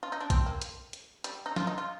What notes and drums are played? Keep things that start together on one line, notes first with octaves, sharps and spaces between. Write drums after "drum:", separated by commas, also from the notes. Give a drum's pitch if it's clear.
F4
D#4
D4
C4, drum: kick B1, hi-hat
A#3
drum: hi-hat
drum: hi-hat
G3, drum: hi-hat
D#4
F4, drum: snare
D#4
F4